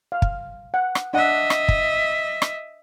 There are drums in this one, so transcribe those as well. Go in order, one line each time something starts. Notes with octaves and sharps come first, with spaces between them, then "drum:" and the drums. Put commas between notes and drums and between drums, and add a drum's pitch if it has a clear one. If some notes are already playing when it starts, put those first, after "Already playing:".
F5
drum: kick
F#5
drum: rim click
D4 D#5 E5 F#5
drum: rim click
drum: kick
drum: rim click